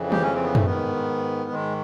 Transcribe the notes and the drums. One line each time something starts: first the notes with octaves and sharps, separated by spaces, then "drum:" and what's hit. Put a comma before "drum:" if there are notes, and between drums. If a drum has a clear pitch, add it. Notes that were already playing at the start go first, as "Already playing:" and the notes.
Already playing: F2 C#3 E3
G4, drum: tom D#3
C#4
C4
B3
A3, drum: tom F#2
G#2 D#3 B3
G#2 D#3 G#3